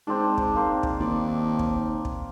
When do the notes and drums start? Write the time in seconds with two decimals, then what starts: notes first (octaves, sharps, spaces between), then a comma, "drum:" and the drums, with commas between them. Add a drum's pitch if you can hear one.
0.07 G#2 C4 D4
0.38 drum: kick
0.55 A#3 C4 A5
0.83 drum: kick
1.00 D#2 D5
1.59 drum: kick
2.05 drum: kick